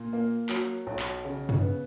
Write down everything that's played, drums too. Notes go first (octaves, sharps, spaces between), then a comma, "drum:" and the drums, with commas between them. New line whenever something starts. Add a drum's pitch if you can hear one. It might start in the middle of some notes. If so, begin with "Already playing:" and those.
Already playing: A#2
A#3
F#3, drum: clap
B1
drum: clap
C#3
drum: tom F#2
B3